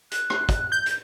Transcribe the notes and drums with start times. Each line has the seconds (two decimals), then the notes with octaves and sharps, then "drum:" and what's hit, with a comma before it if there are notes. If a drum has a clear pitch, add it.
0.11 F#6, drum: hi-hat
0.30 drum: rim click
0.49 drum: kick, hi-hat
0.72 G6
0.86 drum: hi-hat